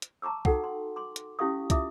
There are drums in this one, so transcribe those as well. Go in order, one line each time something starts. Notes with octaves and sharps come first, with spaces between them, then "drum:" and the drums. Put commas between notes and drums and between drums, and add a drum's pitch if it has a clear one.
drum: hi-hat
A5 A#5 C#6 D6 E6
D#4 F#4 A4 F#5 G5, drum: kick
C6
C6 D6
drum: hi-hat
C#4 E4 G4 F5 C#6 D#6
E4 F4 E5 D6 D#6, drum: kick, hi-hat